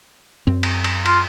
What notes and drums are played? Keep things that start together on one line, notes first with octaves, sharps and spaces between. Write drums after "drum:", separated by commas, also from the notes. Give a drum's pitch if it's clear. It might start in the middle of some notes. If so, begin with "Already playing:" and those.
F#2 C4
drum: cymbal
drum: cymbal
F4, drum: cymbal